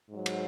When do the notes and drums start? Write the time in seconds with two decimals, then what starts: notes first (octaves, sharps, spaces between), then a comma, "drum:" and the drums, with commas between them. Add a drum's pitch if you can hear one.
0.11 G#2 F#3
0.26 drum: cymbal